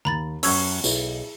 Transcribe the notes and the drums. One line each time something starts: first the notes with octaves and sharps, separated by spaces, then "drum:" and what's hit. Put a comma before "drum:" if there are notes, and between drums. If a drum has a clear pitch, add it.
D#2 A#5 B5 A6
F#2 F#3 C#4 C#6 E6 G#6, drum: open hi-hat
B1 E4 G#4, drum: tambourine